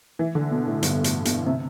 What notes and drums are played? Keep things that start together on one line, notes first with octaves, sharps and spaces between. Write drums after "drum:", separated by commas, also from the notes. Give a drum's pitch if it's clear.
E3
D3
B2
A2
G2, drum: hi-hat
A2, drum: hi-hat
B2, drum: hi-hat
C3